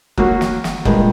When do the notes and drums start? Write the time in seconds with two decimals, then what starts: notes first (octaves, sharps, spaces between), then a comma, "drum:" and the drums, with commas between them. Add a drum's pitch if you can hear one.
0.18 F#3 A#3 F#4, drum: kick F#1
0.41 drum: snare
0.64 drum: snare
0.85 G2 A#2 G#3, drum: kick F#1